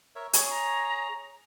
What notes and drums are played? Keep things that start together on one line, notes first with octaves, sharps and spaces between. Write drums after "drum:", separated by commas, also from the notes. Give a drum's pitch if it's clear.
A#4 C#5 E5
G#4 C#5 C#6, drum: hi-hat
A#5